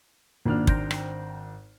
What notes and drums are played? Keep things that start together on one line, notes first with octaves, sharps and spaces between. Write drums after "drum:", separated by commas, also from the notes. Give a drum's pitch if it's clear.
G#1 A#2 D4 F6
C5 G5 A#5, drum: kick
drum: rim click